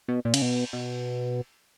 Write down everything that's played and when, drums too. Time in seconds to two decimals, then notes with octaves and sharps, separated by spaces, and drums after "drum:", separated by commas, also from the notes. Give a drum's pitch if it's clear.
0.08 B2
0.25 A#2
0.34 C#3, drum: cymbal
0.42 B2
0.73 B2